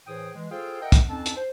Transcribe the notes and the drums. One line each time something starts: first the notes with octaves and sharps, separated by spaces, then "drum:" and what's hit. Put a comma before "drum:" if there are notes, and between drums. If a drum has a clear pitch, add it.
A2 E3 G#4 C5 G5 D#6
E3 G#3
F4 G#4 A4 C5 F5 G5
A#4 D#5 E5 F#5 G5
drum: kick, hi-hat
F2 C4 C#4 D#4 A5
drum: hi-hat
C5